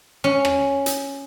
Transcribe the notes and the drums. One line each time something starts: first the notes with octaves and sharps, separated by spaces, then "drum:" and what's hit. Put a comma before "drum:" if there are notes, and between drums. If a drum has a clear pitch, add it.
C#4
drum: rim click
drum: hi-hat